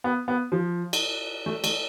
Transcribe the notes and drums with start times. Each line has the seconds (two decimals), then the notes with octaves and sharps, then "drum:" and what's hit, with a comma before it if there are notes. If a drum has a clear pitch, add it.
0.04 B3
0.28 B3
0.52 F3
0.93 drum: cymbal
1.46 A3
1.64 A3, drum: cymbal